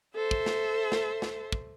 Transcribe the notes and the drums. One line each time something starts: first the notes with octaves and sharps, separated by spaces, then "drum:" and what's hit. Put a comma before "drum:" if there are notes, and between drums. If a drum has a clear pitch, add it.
A4 C5 E5
drum: kick
drum: snare
drum: snare
drum: snare
drum: kick